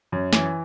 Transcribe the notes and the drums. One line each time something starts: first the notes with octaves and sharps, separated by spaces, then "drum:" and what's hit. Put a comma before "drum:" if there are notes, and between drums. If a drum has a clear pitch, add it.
F#2
E3, drum: snare